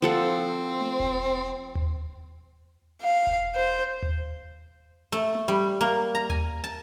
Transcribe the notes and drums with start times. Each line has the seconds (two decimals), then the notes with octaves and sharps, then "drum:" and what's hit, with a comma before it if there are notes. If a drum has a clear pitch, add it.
0.02 F3 C4 A4 F#5
0.81 drum: tom A3
1.00 drum: kick E1
1.75 drum: tom D#2
3.02 F5
3.27 drum: kick E1
3.56 C5
4.03 drum: tom D#2
5.12 A3
5.35 drum: tom A3
5.48 G3
5.81 A#3
6.15 A#5
6.30 G#5, drum: tom D#2
6.64 A5